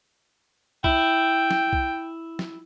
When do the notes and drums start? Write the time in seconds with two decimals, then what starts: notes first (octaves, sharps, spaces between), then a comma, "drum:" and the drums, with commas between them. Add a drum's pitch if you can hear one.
0.84 E4 G5, drum: kick B1
1.51 drum: snare
1.73 drum: kick B1
2.39 drum: snare